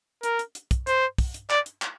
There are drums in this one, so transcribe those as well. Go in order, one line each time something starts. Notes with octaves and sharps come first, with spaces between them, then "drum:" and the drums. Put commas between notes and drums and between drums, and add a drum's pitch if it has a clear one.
A#4, drum: hi-hat
drum: hi-hat
drum: hi-hat
drum: kick, hi-hat
C5, drum: hi-hat
drum: kick, open hi-hat
drum: hi-hat
D5, drum: clap
drum: hi-hat
drum: clap